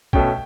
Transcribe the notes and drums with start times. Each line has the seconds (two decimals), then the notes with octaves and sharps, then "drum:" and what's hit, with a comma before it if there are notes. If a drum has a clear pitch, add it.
0.13 B2 A3 C#4 G5, drum: kick